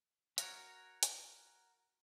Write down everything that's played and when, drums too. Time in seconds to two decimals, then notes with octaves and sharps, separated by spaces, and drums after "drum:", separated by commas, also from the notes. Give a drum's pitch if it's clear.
0.38 F#4 A#4 C#5, drum: hi-hat
1.03 drum: hi-hat